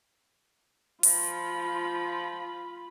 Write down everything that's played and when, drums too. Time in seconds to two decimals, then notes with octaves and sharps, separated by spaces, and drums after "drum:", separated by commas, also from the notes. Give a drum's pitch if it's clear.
1.03 F3 F4 B5, drum: open hi-hat